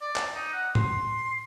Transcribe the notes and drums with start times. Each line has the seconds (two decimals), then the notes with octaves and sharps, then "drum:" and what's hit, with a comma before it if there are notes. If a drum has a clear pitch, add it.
0.01 D5
0.16 drum: clap
0.34 D#4
0.53 F#5
0.75 C6, drum: tom